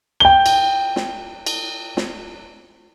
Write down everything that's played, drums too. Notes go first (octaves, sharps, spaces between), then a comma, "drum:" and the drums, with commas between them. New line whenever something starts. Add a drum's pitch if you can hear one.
G5 G7
drum: cymbal
drum: snare
drum: cymbal
drum: snare